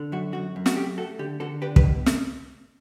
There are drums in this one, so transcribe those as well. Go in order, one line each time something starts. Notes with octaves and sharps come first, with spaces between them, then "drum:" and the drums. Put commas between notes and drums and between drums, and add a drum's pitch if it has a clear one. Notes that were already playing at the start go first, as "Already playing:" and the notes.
Already playing: D3
F#2 F#4
F#2 F#4
F#2
F#4, drum: snare
A3 G4
A3 F#4 A4
D3 G4
D3 F#4 A4
D4 G4 B4
G4 B4, drum: kick
B2
drum: snare